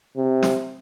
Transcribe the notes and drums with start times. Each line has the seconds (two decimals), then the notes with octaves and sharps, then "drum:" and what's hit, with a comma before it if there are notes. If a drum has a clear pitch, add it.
0.16 C3
0.43 drum: snare